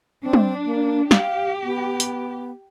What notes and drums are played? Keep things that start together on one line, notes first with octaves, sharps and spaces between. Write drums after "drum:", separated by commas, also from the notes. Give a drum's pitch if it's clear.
C4 D4
drum: tom
A#3
G4 F5, drum: snare
B3
drum: hi-hat